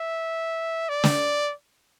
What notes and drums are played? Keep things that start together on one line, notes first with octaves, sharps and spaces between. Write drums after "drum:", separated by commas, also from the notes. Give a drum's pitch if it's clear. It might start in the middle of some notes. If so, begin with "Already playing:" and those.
Already playing: E5
D5
drum: snare